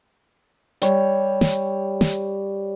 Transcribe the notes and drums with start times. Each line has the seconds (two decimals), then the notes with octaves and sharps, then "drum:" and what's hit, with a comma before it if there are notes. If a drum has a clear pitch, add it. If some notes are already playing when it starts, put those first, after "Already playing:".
0.82 G3 C#5, drum: hi-hat
1.41 drum: snare
2.01 drum: snare